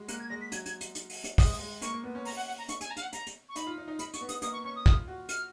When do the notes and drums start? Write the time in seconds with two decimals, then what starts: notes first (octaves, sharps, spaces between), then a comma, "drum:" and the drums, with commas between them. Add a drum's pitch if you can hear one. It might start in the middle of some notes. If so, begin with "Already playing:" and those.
Already playing: G#3 F#4
0.08 A#3 F#6, drum: hi-hat
0.20 G#6
0.29 G#3 A#6
0.41 B6
0.52 F#3 G#6, drum: hi-hat
0.66 G#6, drum: hi-hat
0.81 drum: hi-hat
0.95 drum: hi-hat
1.10 drum: open hi-hat
1.24 drum: hi-hat
1.38 G#3 D#6, drum: kick, open hi-hat
1.60 G#3
1.82 A#3 C#6, drum: hi-hat
1.93 A#3
2.04 B3
2.15 C#4
2.25 A#5, drum: open hi-hat
2.36 F#5
2.47 F#5
2.58 A#5
2.69 C#6, drum: hi-hat
2.81 G#5, drum: hi-hat
2.91 A#5
2.97 F5, drum: hi-hat
3.02 F#5
3.13 A#5, drum: hi-hat
3.27 drum: hi-hat
3.49 C#6
3.56 D#4 B5, drum: hi-hat
3.66 F4
3.78 D#4
3.88 D#4
3.99 D#4 B5, drum: hi-hat
4.14 C#6, drum: hi-hat
4.21 B3
4.29 D#6, drum: hi-hat
4.42 A#3 D#6, drum: hi-hat
4.53 C#6
4.64 C#4 C#6
4.76 D#6
4.86 F4, drum: kick
5.08 F#4
5.29 F6, drum: hi-hat